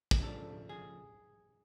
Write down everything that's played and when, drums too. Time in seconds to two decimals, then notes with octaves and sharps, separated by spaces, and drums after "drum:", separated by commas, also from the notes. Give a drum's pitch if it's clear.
0.11 drum: kick
0.22 C#3 F3 A3 D4 A4
0.69 G#4